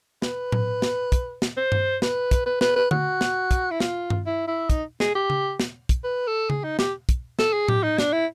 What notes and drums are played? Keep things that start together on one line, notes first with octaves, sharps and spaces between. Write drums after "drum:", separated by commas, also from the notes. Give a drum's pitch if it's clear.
B4, drum: snare
drum: tom A2
drum: snare
drum: kick, hi-hat
drum: snare
C5
drum: tom G2
B4, drum: snare
drum: kick, hi-hat
B4
B4, drum: snare
B4
F#4, drum: tom D3
drum: snare
drum: kick, hi-hat
E4
F4, drum: snare
drum: tom G2
E4
E4
D#4, drum: kick, hi-hat
G#4, drum: snare
G4
drum: tom C#3
drum: snare
drum: kick, hi-hat
B4
A4
G#4, drum: tom C#3
D#4
G4, drum: snare
drum: kick, hi-hat
A4, drum: snare
G#4
G4, drum: tom A2
D#4
D4, drum: snare
E4